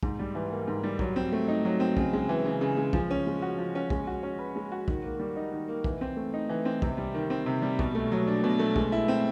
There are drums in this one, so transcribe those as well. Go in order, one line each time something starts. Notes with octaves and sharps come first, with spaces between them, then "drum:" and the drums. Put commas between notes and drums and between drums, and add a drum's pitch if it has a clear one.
G#2, drum: kick
G3
E3
A#3
G#2
G3
F#3, drum: kick
C4
A3
D#4
F#3
C4
C#3, drum: kick
G#3
E3
C#3
C#3
G#3
F3, drum: kick
C#4
G#3
F#4
F3
C#4
G#3, drum: kick
F#4
C#4
B4
G#3
F#4
D#3, drum: kick
A#3
G3
D#4
D#3
A#3
E3, drum: kick
C4
A3
D#4
E3
C4
C3, drum: kick
G3
D#3
C4
C3
G3
B2, drum: kick
A3
F#3
D4
B2
A3
G#3, drum: kick
E4
C4